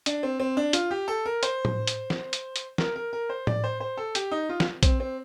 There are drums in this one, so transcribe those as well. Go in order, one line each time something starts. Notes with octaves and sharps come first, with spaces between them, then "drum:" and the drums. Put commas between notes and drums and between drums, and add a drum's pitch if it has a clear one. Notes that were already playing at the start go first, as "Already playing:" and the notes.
D4, drum: hi-hat
C4
C4
D4
F4, drum: hi-hat
G4
A4
A#4
C5, drum: hi-hat
drum: tom A2
drum: hi-hat
drum: snare
drum: hi-hat
drum: hi-hat
A#4, drum: snare
A#4
A#4
C5
D5, drum: tom A2
C5
C5
A4
G4, drum: hi-hat
D#4
F4
drum: snare
C4, drum: kick A#1, hi-hat
C4